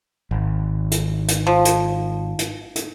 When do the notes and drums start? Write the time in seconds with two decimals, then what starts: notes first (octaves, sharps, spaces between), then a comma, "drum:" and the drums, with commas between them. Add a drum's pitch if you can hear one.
0.31 G#1
0.91 drum: hi-hat
1.28 drum: hi-hat
1.47 F3
1.65 drum: hi-hat
2.39 drum: hi-hat
2.76 drum: hi-hat